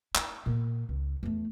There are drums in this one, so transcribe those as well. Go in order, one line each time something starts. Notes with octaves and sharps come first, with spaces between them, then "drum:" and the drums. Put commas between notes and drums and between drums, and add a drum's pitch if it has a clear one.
E4, drum: clap
A#2
C#2
E2 A3